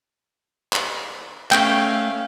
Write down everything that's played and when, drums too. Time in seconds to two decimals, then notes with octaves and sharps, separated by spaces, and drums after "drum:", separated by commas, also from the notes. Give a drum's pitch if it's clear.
0.73 drum: clap
1.51 A3 C#4 F5 G5, drum: clap